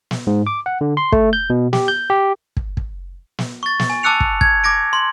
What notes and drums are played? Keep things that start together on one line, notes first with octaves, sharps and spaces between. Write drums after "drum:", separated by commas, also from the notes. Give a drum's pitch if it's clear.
drum: snare
G#2
D6
F#5
D3
C6
A3, drum: kick
G6
B2
G4, drum: snare
G6
G4
drum: kick
drum: kick
drum: snare
C#6 A6
drum: snare
G#5
A5 D6 E6 F#6 C#7 F7
drum: kick
G#6, drum: kick
D6 G#6 A#6 D7
C6